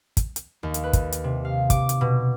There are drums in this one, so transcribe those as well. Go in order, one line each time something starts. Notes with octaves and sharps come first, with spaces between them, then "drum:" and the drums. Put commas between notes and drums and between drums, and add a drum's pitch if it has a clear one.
drum: kick, hi-hat
drum: hi-hat
D#2
drum: hi-hat
B4
drum: kick, hi-hat
drum: hi-hat
C3
F5
D6, drum: kick, hi-hat
drum: hi-hat
B2